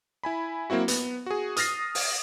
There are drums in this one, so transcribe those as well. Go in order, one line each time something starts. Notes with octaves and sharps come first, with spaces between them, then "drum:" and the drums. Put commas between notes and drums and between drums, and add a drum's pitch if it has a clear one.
E4 G#5 B5
F#3 A#3 C4 E4 F#4
B3, drum: hi-hat
F#4 G#4
D#6 F6 A6 A#6 C7, drum: hi-hat
drum: open hi-hat